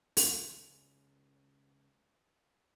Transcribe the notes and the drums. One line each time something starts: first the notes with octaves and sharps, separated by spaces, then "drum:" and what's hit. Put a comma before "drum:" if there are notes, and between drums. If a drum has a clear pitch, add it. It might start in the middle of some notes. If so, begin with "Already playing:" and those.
C#2 F5, drum: open hi-hat